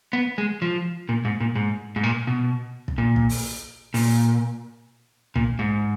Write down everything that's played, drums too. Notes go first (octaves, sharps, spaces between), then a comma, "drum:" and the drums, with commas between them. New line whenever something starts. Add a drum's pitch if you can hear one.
B3
G#3
F3
A#2
G#2
A#2
G#2
G#2
A#2
B2
drum: kick
A#2
drum: kick
drum: open hi-hat
A#2, drum: open hi-hat
A#2, drum: kick
G#2